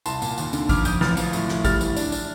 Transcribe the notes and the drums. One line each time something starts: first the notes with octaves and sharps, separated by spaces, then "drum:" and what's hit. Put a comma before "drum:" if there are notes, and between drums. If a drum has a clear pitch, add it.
C2 A5 C6, drum: tambourine
A#2, drum: tambourine
D#2, drum: tambourine
D3, drum: tambourine
F2 D6 F6, drum: kick G#1, tambourine
F2 D#6 G6, drum: tambourine
A1 F6 A6, drum: snare
F3, drum: tambourine
A2, drum: tambourine
A2, drum: snare
G3 F6 A6, drum: kick G#1, tambourine
A1, drum: tambourine
D4, drum: tambourine
D4, drum: tambourine